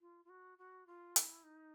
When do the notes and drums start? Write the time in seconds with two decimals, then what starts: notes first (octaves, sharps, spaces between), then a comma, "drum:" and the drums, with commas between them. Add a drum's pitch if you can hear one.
0.01 F4
0.25 F4
0.29 F#4
0.58 F#4
0.87 F4
1.16 E4, drum: hi-hat
1.44 D#4